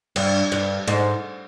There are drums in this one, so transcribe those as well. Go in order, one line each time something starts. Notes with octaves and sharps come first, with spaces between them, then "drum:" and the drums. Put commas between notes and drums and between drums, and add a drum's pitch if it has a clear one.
G2, drum: cymbal
G2
G#2